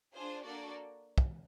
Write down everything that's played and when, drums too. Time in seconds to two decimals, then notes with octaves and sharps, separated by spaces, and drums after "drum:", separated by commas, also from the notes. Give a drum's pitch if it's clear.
0.15 D4 F4 G#4 C5
0.45 A#3 D4 F#4 A4 D5
1.18 drum: kick